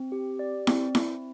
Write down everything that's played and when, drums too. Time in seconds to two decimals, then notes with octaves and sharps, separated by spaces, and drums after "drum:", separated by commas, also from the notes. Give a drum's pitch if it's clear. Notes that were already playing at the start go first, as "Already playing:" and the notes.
Already playing: C4
0.12 G4
0.39 D5
0.67 C4, drum: snare E4
0.95 E4, drum: snare E4